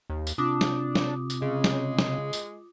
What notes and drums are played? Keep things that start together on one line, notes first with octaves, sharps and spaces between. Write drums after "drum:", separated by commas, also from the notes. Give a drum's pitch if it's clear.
D#2
drum: tambourine
C3 D4 F4 D6 D#6
drum: snare
drum: snare
drum: tambourine
C#3 G#3
drum: snare
drum: snare
drum: tambourine